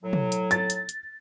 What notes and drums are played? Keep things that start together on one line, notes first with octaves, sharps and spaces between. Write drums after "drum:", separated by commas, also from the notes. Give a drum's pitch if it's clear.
A2 F#3
drum: tom
drum: hi-hat
A6, drum: hi-hat
drum: hi-hat
drum: hi-hat